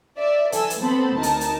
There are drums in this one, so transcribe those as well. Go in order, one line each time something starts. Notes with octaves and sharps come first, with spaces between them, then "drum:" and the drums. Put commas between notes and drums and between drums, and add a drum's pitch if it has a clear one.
D5 E5
E3 A4 G#5 E6, drum: hi-hat
drum: hi-hat
B3 C4 A4 C5 A5 B5
D2 D#4 A#4 A5
drum: hi-hat
drum: hi-hat